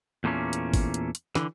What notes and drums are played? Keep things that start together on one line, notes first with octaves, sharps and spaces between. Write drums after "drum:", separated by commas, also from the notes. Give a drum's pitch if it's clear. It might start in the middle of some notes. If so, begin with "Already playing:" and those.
E2 A#2 A3 A#3 C#4
drum: hi-hat
drum: kick, open hi-hat
drum: hi-hat
drum: hi-hat
D3 E3, drum: snare